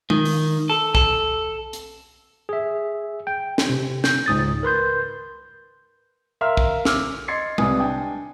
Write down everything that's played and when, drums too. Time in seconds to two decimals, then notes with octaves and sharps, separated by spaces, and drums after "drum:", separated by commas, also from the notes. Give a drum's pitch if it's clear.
0.10 D#3, drum: tom G#3
0.25 drum: open hi-hat
0.70 A4
0.95 A4, drum: kick
1.73 drum: hi-hat
2.49 G#4 E5
3.27 G5
3.58 drum: snare
3.70 C3
4.04 G6, drum: snare
4.26 C#2 G#2 D#6 A6
4.63 A#4 B4 C6 G6
6.41 A#4 E5 F5 C6 F6
6.57 drum: kick
6.85 D6 E6 F6, drum: snare
7.28 D#5 C6 G#6 A6 C7 C#7
7.58 C2 C3 B4 G#5 D#6, drum: tom G#3
7.80 D4 G5 G#5